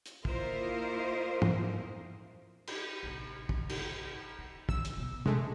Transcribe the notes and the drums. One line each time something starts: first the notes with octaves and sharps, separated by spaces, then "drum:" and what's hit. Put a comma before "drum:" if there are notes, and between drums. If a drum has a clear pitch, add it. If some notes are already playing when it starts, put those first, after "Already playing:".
drum: hi-hat
A#3 E4 F4 A#4 C5 D#5, drum: kick
drum: tom
drum: cymbal
A1 C3
drum: kick
drum: cymbal
C#3
E6, drum: kick
drum: hi-hat
B2
C#3 G#3 A3, drum: tom